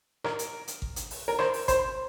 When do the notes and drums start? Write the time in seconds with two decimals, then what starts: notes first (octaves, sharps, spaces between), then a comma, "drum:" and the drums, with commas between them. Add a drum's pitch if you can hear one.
0.24 A#4, drum: rim click
0.39 drum: hi-hat
0.68 drum: hi-hat
0.82 drum: kick G#1
0.96 drum: hi-hat
1.11 drum: open hi-hat
1.28 A#4
1.39 C5, drum: rim click
1.54 drum: open hi-hat
1.68 C5, drum: kick G#1, hi-hat